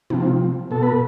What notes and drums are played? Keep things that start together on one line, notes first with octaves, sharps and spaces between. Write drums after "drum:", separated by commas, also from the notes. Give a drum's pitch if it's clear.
C3 F3, drum: tom
B2 A4
B4